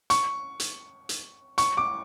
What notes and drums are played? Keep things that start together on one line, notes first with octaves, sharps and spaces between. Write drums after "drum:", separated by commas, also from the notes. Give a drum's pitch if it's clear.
C#6, drum: hi-hat
drum: hi-hat
drum: hi-hat
C#6, drum: hi-hat
D6